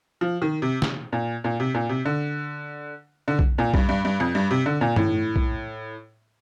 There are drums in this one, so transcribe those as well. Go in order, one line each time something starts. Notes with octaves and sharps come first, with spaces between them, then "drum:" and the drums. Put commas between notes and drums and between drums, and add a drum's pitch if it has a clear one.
F3
D#3
C3
drum: snare
A#2
A#2
C3
A#2
C3
D3
D3
drum: kick B1
A#2
G2, drum: kick B1
G2
G2
F2
G2
C3
D3
A#2
A2, drum: tom
drum: kick B1